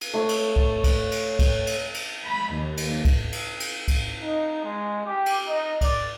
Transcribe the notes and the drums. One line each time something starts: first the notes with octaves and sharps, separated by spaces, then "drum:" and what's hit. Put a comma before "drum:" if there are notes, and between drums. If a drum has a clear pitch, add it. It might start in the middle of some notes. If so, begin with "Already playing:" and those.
drum: cymbal
A3 C#5
drum: cymbal
drum: kick
drum: kick, cymbal
drum: cymbal
drum: kick, cymbal
drum: cymbal
drum: cymbal
B5
D#2
drum: cymbal
drum: kick, cymbal
drum: cymbal
drum: cymbal
drum: kick, cymbal
D#4
G#3
G4
drum: cymbal
D#4
D5, drum: kick, cymbal